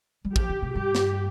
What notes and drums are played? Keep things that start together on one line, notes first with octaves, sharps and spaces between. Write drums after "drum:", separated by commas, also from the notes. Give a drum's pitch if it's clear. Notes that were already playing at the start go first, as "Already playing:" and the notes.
G3
F3 G4, drum: kick
D3
C3
G2 G4
drum: snare